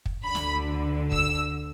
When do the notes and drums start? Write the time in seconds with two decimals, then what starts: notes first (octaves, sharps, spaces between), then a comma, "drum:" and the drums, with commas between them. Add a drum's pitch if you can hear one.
0.06 drum: kick
0.25 D2 D3 B5
0.35 drum: snare
1.12 E6, drum: kick